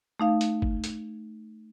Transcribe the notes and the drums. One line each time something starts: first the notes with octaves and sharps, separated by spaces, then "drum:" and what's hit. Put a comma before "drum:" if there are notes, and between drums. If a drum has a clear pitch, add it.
A3 D#4 F5
drum: hi-hat
drum: kick
drum: hi-hat